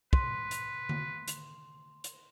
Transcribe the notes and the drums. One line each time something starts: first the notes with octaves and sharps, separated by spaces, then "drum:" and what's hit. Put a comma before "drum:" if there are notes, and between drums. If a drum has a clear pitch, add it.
B4 C6, drum: kick
drum: hi-hat
drum: tom D3
drum: hi-hat
drum: hi-hat